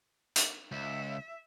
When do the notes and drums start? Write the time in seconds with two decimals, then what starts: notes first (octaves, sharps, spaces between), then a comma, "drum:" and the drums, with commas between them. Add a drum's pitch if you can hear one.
0.36 drum: hi-hat
0.71 C#2 E5